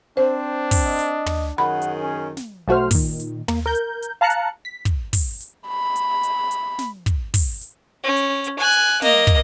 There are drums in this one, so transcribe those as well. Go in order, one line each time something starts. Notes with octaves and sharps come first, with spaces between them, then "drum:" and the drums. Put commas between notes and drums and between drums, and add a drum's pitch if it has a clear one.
C4 D4 C5
drum: kick, open hi-hat
D#5
drum: hi-hat
drum: tom
F#2 D#3 G#4 F#5 B5
drum: hi-hat
C#4
drum: snare
B1 A3 F#4 C5 F6
A#2 D#3, drum: kick, open hi-hat
drum: hi-hat
A#3, drum: tom
A#4 G6
drum: hi-hat
drum: hi-hat
F5 A5 A#5 F#6 C#7
drum: hi-hat
B6
drum: kick, hi-hat
drum: kick, open hi-hat
drum: hi-hat
B5
drum: hi-hat
drum: hi-hat
drum: hi-hat
drum: snare
drum: kick, hi-hat
drum: kick, open hi-hat
drum: hi-hat
C#4
drum: hi-hat
drum: hi-hat
G#5 F#6
drum: hi-hat
A#3 D#5, drum: snare
drum: kick, hi-hat